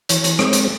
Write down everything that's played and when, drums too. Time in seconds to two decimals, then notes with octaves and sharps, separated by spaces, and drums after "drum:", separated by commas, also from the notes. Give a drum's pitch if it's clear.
0.09 E3 C#5, drum: hi-hat
0.24 drum: hi-hat
0.39 G#3 C4 C#5, drum: rim click
0.53 drum: hi-hat